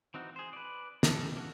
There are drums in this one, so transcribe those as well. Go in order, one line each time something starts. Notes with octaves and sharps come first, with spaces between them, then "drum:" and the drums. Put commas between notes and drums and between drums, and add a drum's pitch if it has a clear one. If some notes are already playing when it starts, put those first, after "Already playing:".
E3 C4 D#4 F#4
G#4 C5
B4 D5
C#4 A4, drum: snare
A#3 F#4